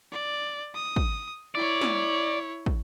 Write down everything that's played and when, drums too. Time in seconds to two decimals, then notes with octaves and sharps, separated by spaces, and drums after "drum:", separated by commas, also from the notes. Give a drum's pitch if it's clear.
0.12 D5
0.75 D#6
0.96 drum: kick
1.55 E4 C#5 D5
1.81 drum: snare
2.66 drum: kick